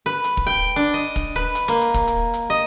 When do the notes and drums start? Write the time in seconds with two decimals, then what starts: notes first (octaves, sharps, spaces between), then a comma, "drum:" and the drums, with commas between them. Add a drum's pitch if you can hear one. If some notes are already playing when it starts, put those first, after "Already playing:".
0.06 B4
0.24 drum: hi-hat
0.37 drum: kick
0.46 G5
0.76 D4, drum: hi-hat
0.94 D#5
1.16 drum: kick, hi-hat
1.36 B4
1.55 drum: hi-hat
1.68 A#3, drum: hi-hat
1.81 drum: hi-hat
1.94 drum: kick, hi-hat
2.07 drum: hi-hat
2.34 drum: hi-hat
2.50 D#5